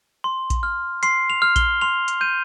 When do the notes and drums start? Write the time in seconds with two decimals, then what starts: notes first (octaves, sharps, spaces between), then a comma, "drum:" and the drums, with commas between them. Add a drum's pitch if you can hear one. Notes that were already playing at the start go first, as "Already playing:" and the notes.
0.24 C6
0.50 drum: kick A#1, hi-hat
0.63 F6
1.03 C6 C7, drum: hi-hat
1.30 F7
1.42 F6
1.56 G7, drum: kick A#1, hi-hat
1.81 C6 F7
2.08 drum: hi-hat
2.21 G6 D#7